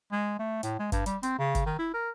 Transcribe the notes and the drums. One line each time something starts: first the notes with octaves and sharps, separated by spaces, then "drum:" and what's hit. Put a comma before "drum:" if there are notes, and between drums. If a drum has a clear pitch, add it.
G#3
A3
A2, drum: hi-hat
G#3
G2, drum: kick, hi-hat
G3, drum: hi-hat
C4, drum: hi-hat
C#3
drum: kick, hi-hat
D#3
E4
A#4